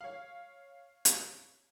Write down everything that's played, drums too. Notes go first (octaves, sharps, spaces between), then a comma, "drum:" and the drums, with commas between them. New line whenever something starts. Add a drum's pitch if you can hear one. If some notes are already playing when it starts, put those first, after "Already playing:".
C#5 F5
drum: hi-hat